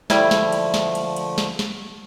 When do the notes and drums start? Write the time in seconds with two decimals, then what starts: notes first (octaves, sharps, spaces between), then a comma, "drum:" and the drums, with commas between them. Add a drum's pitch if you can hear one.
0.10 D3 F3 G3 A3 E4, drum: snare
0.31 drum: snare
0.52 drum: cymbal
0.74 drum: snare
0.95 drum: cymbal
1.16 drum: cymbal
1.38 drum: snare
1.59 drum: snare